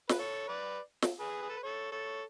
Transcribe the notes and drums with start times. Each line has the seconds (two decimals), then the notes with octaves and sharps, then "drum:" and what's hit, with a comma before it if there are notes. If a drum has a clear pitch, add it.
0.09 B4, drum: snare
0.19 A4 C#5
0.48 B4 D5
1.02 drum: snare
1.20 G#4 B4
1.42 G#4
1.49 A4
1.57 B4
1.63 A4 C#5
1.91 A4 C#5